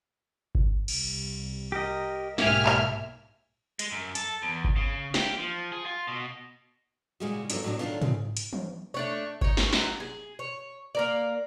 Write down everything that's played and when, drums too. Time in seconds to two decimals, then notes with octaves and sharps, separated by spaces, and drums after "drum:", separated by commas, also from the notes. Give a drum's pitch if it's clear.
0.55 drum: kick G1
0.88 C2, drum: cymbal
1.72 G4 A#4 D#5
2.38 B1 G#2 A#3 G4 E5 G#5 F6, drum: snare
2.66 drum: clap
3.79 G#3, drum: hi-hat
3.92 F#2
4.15 A4, drum: hi-hat
4.42 E2
4.64 drum: kick G1
4.76 C#3
5.14 G4, drum: snare
5.38 F3
5.72 G#4
5.86 F4
6.07 B2
7.20 A#2 C#3 G3 G#3 E4 F#4
7.50 G2 F3 F#3 A3 B3 E4, drum: hi-hat
7.63 A2 F3 F#3 G#3 A3 D4
7.79 D#3 F#3 G#3 A3 D4 F4
8.01 C#3 C4, drum: tom
8.37 drum: hi-hat
8.53 drum: tom E3
8.94 A3 D4 C#5
9.41 D#4 C#5, drum: kick G1
9.57 drum: snare
9.73 F#3, drum: snare
10.00 G#4
10.39 C#5
10.95 A#3 A#4 D5